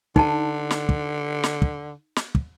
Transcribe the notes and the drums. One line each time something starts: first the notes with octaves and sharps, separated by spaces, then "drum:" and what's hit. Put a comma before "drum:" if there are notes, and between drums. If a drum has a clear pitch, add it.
D3 D#4 A5, drum: kick
drum: snare
drum: kick
drum: snare
drum: kick
drum: snare
drum: kick